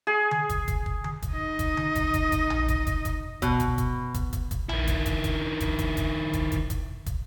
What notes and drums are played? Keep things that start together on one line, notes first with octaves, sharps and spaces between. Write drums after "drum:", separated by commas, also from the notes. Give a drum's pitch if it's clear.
G#4
drum: tom D3
drum: kick, hi-hat
drum: kick, hi-hat
drum: kick
drum: tom D3
drum: kick, hi-hat
D#4 D#5
drum: kick, hi-hat
drum: tom D3
drum: kick, hi-hat
drum: kick, hi-hat
drum: kick, hi-hat
drum: tom A#1
drum: kick, hi-hat
drum: kick, hi-hat
drum: kick, hi-hat
B2, drum: kick, hi-hat
drum: kick, hi-hat
drum: kick, hi-hat
drum: kick, hi-hat
drum: kick, hi-hat
drum: kick, hi-hat
D#3 E4, drum: tom A#1
drum: kick, hi-hat
drum: kick, hi-hat
drum: kick, hi-hat
drum: kick, hi-hat
drum: kick, hi-hat
drum: kick, hi-hat
drum: kick, hi-hat
drum: kick, hi-hat
drum: kick, hi-hat
drum: kick, hi-hat